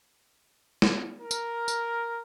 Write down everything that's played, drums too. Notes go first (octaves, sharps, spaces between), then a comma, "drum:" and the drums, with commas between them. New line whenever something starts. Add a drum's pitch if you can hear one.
drum: snare
A#4
drum: tambourine
drum: tambourine